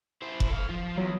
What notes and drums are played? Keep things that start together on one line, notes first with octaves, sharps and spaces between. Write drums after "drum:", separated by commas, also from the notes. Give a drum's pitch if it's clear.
E4 C5
drum: kick F1
A4 F5
F3 F4
E2 F#3